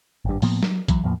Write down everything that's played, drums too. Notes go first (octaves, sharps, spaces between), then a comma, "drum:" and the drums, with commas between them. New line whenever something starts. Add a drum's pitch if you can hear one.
G#1 G2
A2 F3 A#3 B3, drum: open hi-hat
F#3, drum: snare
E3 F#3, drum: kick A#1, hi-hat
E2 A2 F3 A#3